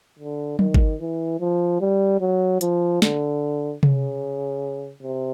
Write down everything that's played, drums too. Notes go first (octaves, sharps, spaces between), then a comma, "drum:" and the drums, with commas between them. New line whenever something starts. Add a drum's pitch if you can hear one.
D3
D#3, drum: tom F#3
drum: kick
E3
F3
G3
F#3
F3, drum: hi-hat
D3, drum: snare
C#3, drum: tom C3
C3